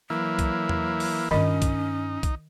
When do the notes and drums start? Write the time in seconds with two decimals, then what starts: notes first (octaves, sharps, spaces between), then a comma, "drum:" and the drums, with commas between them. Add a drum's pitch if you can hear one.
0.10 E3 F#3 A#3 E4
0.39 drum: kick B1, hi-hat
0.69 drum: tom E2
1.00 drum: open hi-hat
1.31 G2 D#3 C#4 D#4 F4 D#5
1.62 drum: kick B1, hi-hat
2.23 drum: kick B1, hi-hat